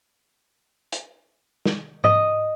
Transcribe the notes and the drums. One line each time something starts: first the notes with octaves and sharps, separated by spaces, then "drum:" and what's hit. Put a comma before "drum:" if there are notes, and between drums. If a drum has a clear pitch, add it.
drum: hi-hat
drum: snare
D#5, drum: tom G#2